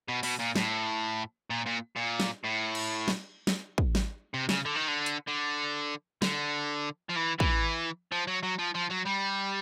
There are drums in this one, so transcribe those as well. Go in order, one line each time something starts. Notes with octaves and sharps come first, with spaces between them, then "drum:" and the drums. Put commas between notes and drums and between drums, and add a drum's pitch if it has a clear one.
B2
B2, drum: open hi-hat
A#2
A2, drum: snare
A#2
A#2
A#2
drum: snare
A2
drum: cymbal
drum: snare
drum: snare
drum: kick
drum: snare
C3
C#3, drum: snare
D3
D#3
D3
drum: hi-hat
D3
D3, drum: snare
F3
E3
E3, drum: kick
F3
F#3
F#3
F3
F3
F#3
G3